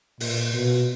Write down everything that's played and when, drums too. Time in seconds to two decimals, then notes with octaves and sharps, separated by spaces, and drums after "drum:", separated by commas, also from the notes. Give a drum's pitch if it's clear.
0.20 A#2, drum: open hi-hat
0.54 B2